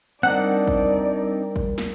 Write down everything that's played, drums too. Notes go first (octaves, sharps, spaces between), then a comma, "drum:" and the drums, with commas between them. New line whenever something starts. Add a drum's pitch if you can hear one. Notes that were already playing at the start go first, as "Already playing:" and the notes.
G3 C4 D4 D#4 A#4 D5 F#5
drum: kick
drum: kick
drum: snare